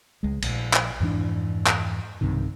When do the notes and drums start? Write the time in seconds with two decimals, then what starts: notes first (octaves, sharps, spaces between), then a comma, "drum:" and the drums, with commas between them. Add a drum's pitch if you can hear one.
0.23 C#2 G#3
0.42 A#1, drum: cymbal
0.73 drum: clap
1.00 F2 G#2 E3 D4
1.67 drum: clap
2.21 B1 G2 C3 D#3